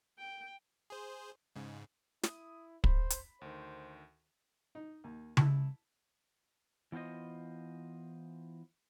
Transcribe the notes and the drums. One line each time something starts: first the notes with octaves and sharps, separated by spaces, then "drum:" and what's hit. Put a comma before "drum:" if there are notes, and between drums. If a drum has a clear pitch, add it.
G5
G#4 C5
G#2 C#3
E4 D#6, drum: snare
C5 B5, drum: kick
drum: hi-hat
D2 D#3 C5
D#4
D#2
E4 A5, drum: tom C#3
E3 B3 F4 C5 D#5